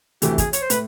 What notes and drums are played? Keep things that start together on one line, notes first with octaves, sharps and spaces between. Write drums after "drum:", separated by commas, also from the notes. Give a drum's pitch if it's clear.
D2 C3 E3 A3 G4, drum: hi-hat
G#4, drum: kick, hi-hat
C#5, drum: hi-hat
C5
A2 B4, drum: hi-hat